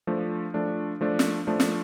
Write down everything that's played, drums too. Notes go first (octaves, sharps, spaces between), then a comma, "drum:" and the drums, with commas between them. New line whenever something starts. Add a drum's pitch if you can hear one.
F3 A3 D4
F3 A3 D4
F3 A3 D4
drum: snare
F3 A3 D4
drum: snare